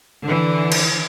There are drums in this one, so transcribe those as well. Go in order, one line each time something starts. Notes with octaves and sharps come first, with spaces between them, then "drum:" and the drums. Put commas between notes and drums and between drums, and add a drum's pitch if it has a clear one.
D3 E3
drum: cymbal